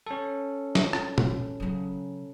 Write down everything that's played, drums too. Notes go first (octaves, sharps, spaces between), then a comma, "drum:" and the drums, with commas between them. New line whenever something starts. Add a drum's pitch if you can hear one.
C#4 A4
drum: snare
drum: rim click
drum: tom
E3
C#3 F#3